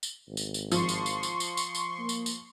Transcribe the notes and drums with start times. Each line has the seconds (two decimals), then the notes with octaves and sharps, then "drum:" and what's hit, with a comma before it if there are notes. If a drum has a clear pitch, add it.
0.03 drum: tambourine
0.28 G#1
0.37 drum: tambourine
0.54 drum: tambourine
0.72 F3 C6 C#6, drum: tambourine
0.89 drum: tambourine
1.06 drum: tambourine
1.23 drum: tambourine
1.40 drum: tambourine
1.57 drum: tambourine
1.75 drum: tambourine
1.99 A#3
2.09 drum: tambourine
2.26 drum: tambourine